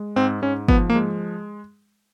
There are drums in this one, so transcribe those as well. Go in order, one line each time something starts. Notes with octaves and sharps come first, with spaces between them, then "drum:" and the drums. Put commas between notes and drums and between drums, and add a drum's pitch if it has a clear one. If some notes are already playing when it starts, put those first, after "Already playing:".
Already playing: G#3
G#2 C4
G#2 C#4
F3 B3, drum: kick
A#3
G#3